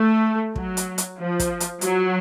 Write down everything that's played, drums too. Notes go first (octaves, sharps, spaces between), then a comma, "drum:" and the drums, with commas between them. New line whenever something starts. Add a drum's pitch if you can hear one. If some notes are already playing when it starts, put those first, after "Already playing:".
Already playing: A3
F#3, drum: kick
drum: hi-hat
drum: hi-hat
F3
drum: kick, hi-hat
drum: hi-hat
F#3, drum: hi-hat